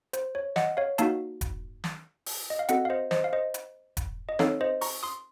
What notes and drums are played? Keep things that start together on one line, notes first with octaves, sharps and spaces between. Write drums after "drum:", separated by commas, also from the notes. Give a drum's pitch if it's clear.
C5, drum: hi-hat
C#5
D#5 F#5, drum: snare
C#5 F5
A#3 D#4 F#4 F5 A5, drum: hi-hat
drum: kick E1, hi-hat
drum: snare
drum: open hi-hat
D#5
F5
C4 F#4 A4 D#5 F#5, drum: hi-hat
F5
C5 D#5
C5 D#5, drum: snare
F5
C5 D#5
drum: hi-hat
drum: kick E1, hi-hat
D#5
C4 D#4 A4 C#5 F5, drum: snare
C5 D#5
A#5 C#6, drum: open hi-hat
C6 D#6